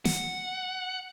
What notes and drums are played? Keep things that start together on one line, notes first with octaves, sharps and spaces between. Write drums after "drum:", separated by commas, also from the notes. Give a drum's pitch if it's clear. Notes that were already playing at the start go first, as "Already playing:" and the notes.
F#5, drum: snare